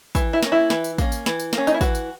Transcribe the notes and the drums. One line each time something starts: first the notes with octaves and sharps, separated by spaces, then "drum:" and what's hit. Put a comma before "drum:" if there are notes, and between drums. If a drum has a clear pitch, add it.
E3, drum: kick, tambourine
E4
A#3 C#4, drum: snare
E4
E3, drum: snare
drum: tambourine
A#3 C#4, drum: kick, tambourine
drum: tambourine
E3, drum: snare
drum: tambourine
A#3 C#4, drum: snare
D#4, drum: tambourine
E4
E3 F#4, drum: kick, tambourine
drum: tambourine